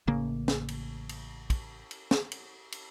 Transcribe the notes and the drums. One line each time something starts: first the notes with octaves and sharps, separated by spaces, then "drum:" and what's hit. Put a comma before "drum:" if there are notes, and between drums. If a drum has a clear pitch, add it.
A1 C#3 A#3
drum: snare
drum: cymbal
drum: cymbal
drum: kick, cymbal
drum: cymbal
drum: snare
drum: cymbal
drum: cymbal